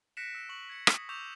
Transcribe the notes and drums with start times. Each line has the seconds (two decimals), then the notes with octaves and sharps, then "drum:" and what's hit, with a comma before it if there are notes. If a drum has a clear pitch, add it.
0.17 F#6 A#6 B6 C#7 D7 E7
0.35 E6
0.49 C#6 F#7
0.69 G#6 C#7
0.87 D#6, drum: rim click
1.09 C#6 D6 E6 G6 E7 F7